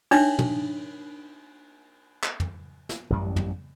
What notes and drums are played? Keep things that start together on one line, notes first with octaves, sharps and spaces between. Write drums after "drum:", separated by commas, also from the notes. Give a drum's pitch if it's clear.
D4 D#4 C#5 E5, drum: cymbal
drum: tom
drum: clap
drum: tom
drum: snare
A1 F#2 G3
drum: tom